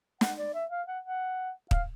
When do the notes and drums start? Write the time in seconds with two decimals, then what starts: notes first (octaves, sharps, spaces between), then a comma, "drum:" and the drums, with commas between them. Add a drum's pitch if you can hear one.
0.21 F#5, drum: snare
0.38 D5
0.54 E5
0.71 F5
0.88 F#5
1.04 F#5
1.71 F5, drum: kick